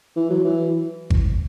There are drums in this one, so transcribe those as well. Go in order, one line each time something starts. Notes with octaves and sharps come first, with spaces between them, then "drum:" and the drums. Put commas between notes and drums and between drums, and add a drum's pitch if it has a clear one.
E3
F#3
E3
drum: kick G#1